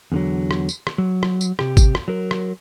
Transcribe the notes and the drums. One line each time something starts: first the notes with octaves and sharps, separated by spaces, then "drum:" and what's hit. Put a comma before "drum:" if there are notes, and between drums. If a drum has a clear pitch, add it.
E2 D3 F#3
drum: rim click
drum: tambourine
drum: rim click
F#3
drum: rim click
drum: tambourine
C3 G4, drum: rim click
drum: kick, tambourine
drum: rim click
F#3 A#4
drum: rim click